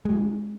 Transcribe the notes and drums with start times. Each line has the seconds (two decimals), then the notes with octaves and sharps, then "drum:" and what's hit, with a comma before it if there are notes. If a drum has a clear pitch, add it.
0.05 G#3, drum: tom